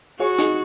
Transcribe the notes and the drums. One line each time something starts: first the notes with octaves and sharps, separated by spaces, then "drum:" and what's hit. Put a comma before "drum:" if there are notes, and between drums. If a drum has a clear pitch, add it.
F#4 G#4 C#5
D#4 G#4, drum: hi-hat